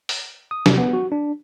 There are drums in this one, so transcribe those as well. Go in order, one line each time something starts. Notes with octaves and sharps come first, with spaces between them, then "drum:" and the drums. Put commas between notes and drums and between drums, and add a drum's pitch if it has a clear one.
drum: open hi-hat
D#6
C3, drum: snare
B3
F#4
D4